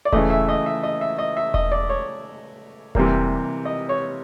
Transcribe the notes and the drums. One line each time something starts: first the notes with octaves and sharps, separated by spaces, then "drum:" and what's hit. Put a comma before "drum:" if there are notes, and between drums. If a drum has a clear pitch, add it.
D5
C#3 E3 A3 D#5, drum: kick E1
E5
D#5
E5
D#5
E5
D#5
E5
D#5, drum: kick E1
D5
C#5
C3 E3 G3 A#3, drum: kick E1
D#5
C#5